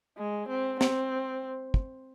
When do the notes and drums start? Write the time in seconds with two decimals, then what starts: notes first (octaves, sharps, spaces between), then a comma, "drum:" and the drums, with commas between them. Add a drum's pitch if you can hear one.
0.18 G#3
0.49 C4
0.81 C4, drum: snare
1.74 drum: kick